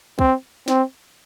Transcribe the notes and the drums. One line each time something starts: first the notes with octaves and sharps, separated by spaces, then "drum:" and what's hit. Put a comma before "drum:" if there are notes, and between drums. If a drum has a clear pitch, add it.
C4, drum: kick
C4, drum: snare